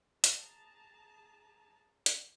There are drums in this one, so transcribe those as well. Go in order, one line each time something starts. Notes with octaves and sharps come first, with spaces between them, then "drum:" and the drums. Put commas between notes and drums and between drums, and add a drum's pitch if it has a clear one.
G#4 A5 A#5, drum: hi-hat
drum: hi-hat